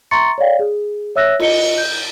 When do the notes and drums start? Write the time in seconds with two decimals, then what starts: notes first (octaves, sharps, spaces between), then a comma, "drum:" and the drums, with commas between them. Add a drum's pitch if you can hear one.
0.11 E5 A#5 C6 C#6 A6 C#7
0.38 C#5 D5 F5 G5
0.59 G#4
1.15 C#5 E5 E6 F#6 A#6
1.40 F4 D#5 C#7 G7, drum: cymbal
1.78 G6